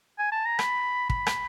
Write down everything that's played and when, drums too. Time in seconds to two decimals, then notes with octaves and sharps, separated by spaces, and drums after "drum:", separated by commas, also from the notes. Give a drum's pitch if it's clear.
0.19 G#5
0.32 A5
0.45 A#5
0.59 B5, drum: rim click
1.10 B5, drum: kick
1.26 drum: rim click